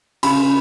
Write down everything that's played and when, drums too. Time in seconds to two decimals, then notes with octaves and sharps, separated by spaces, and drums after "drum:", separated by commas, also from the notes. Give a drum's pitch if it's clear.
0.23 C#3 B5, drum: cymbal